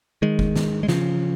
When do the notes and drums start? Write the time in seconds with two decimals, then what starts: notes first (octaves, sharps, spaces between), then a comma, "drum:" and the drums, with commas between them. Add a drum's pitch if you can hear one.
0.22 D#3 G#3
0.39 drum: kick F1
0.56 drum: snare
0.83 G#3
0.88 C#3 F3, drum: snare